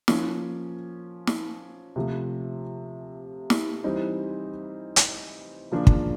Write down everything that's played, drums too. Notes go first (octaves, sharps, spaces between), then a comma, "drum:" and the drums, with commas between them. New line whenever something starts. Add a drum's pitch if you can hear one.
F3 A#3 C#4, drum: snare
drum: snare
C3 F3 A3
drum: snare
E3 G3 C4 D#4
drum: hi-hat
C#3 F3 A#3 D4
drum: kick